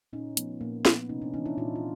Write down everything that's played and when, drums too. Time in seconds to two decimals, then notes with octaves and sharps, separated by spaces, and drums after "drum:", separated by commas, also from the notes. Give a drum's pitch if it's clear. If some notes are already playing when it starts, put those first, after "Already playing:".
0.13 A#2 C#4 D#4
0.37 F3 A3 B3, drum: hi-hat
0.61 A#2 A#3
0.85 F3 A#3 B3, drum: snare
1.09 C3 C#4 D#4
1.22 C4 D4
1.34 E3 A3 C#4 D#4
1.46 D4 E4
1.57 A#2 D#4 F4
1.76 F4